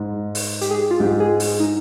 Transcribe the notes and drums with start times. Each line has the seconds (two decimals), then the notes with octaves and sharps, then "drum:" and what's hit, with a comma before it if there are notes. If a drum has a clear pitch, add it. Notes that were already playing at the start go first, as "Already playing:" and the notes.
Already playing: G#2
0.35 drum: open hi-hat
0.61 G4, drum: hi-hat
0.71 G#4
0.91 F4
1.00 G#2 G4
1.20 G#4
1.40 drum: open hi-hat
1.60 D#4